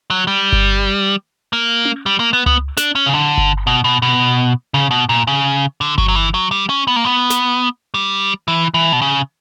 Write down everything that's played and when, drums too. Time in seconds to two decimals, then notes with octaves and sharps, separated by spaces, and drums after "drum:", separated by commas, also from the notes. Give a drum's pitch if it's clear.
0.10 F#3
0.27 G3
0.52 drum: kick G1
1.53 A#3
1.85 drum: tom C#4
2.06 G3
2.20 A#3
2.33 B3
2.46 B3, drum: tom C#2
2.77 D4, drum: snare
2.95 C#4
3.06 C#3
3.13 D3
3.38 drum: kick G1
3.67 B2
3.84 B2
4.02 B2
4.74 C#3
4.91 B2
5.09 A#2
5.27 C#3
5.81 D3
5.98 F#3, drum: kick G1
6.08 F#3
6.15 E3
6.34 F#3
6.51 G3
6.69 C#4
6.87 B3
6.96 A#3
7.05 B3
7.30 drum: snare
7.94 G3
8.48 E3
8.74 E3
8.93 B2
9.02 C#3